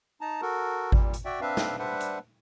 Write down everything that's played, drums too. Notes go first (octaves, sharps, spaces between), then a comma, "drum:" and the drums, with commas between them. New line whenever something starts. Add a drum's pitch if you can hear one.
D#4 A5 A#5
F#4 A4 A#4
A#2 G3, drum: kick G#1
drum: hi-hat
F#4 D5 E5 G5
C4 D4 B4 E5 F5
drum: snare
G3 D4 B4 C5 E5 F#5
drum: hi-hat